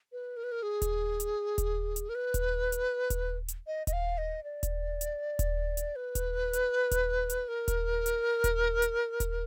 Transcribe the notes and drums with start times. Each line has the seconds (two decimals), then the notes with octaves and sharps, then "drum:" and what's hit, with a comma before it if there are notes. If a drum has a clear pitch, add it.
0.12 B4
0.37 A#4
0.44 B4
0.52 A#4
0.63 G#4
0.82 drum: kick D#1, hi-hat
1.20 drum: hi-hat
1.58 drum: kick D#1, hi-hat
1.96 drum: hi-hat
2.09 A#4
2.15 B4
2.34 drum: kick D#1, hi-hat
2.72 drum: hi-hat
3.10 drum: kick D#1, hi-hat
3.48 drum: hi-hat
3.67 D#5
3.87 D#5, drum: kick D#1, hi-hat
3.93 F5
4.18 D#5
4.44 D5
4.63 drum: kick D#1, hi-hat
5.01 drum: hi-hat
5.39 drum: kick D#1, hi-hat
5.77 drum: hi-hat
5.96 B4
6.15 drum: kick D#1, hi-hat
6.53 drum: hi-hat
6.91 drum: kick D#1, hi-hat
7.30 drum: hi-hat
7.48 A#4
7.68 drum: kick D#1, hi-hat
8.06 drum: hi-hat
8.44 drum: kick D#1, hi-hat
8.82 drum: hi-hat
9.20 drum: kick D#1, hi-hat